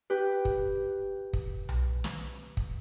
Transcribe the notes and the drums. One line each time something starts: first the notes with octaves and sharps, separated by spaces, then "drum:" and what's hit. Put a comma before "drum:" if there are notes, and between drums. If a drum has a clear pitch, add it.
G4 B4
drum: kick
drum: kick
drum: tom B1
drum: snare
drum: kick